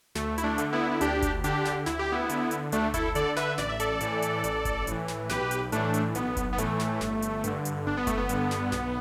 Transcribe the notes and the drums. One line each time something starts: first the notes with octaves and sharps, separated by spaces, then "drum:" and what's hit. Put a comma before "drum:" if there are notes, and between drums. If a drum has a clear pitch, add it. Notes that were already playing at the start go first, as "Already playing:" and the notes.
D2 A3, drum: snare
E4, drum: hi-hat
A3 D4
D3, drum: hi-hat
B3 E4
E4
D2 D4 G4, drum: hi-hat
drum: kick F#1, hi-hat
D3 D4 G4, drum: hi-hat
drum: snare
D2 E4, drum: snare
G4
B3 E4
D3, drum: hi-hat
drum: hi-hat
D2 A3 D4, drum: hi-hat
E4 A4, drum: kick F#1, hi-hat
D3 A4 D5, drum: hi-hat
B4 E5, drum: snare
A1 D5, drum: snare
E5
A4 D5, drum: hi-hat
A2 E3, drum: hi-hat
drum: hi-hat
A1, drum: hi-hat
drum: kick F#1, hi-hat
A2 E3, drum: hi-hat
drum: snare
B1 G4 B4, drum: snare
drum: hi-hat
A2 E3 A3 D4, drum: hi-hat
drum: hi-hat
B1 B3, drum: hi-hat
drum: kick F#1, hi-hat
B3
A2 E3 A3, drum: hi-hat
drum: snare
G1, drum: snare
drum: hi-hat
G2 D3, drum: hi-hat
drum: hi-hat
G1 D4
B3
A3, drum: kick F#1, hi-hat
B3
G2 D3, drum: hi-hat
drum: snare
B1, drum: snare